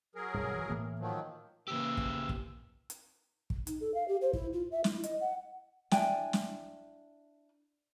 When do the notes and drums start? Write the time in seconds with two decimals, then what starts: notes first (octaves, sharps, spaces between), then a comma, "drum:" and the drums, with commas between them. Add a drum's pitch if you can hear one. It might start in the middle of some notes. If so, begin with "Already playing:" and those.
0.15 F#3 G#4 A#4
0.34 B1 G2
0.53 E3
0.69 A2 E3 A#3
0.99 D#3 F3 F#3
1.68 C#3 E3 A#3 G4 E6
1.97 drum: kick
2.29 drum: kick
2.90 drum: hi-hat
3.50 drum: kick
3.67 D#4, drum: hi-hat
3.81 A4
3.94 F5
4.08 G4
4.22 C5
4.33 E4, drum: kick
4.53 F4
4.72 E5
4.84 E4, drum: snare
5.04 D#5, drum: hi-hat
5.21 F#5
5.91 D4 E4 G5 G#5, drum: snare
6.33 drum: snare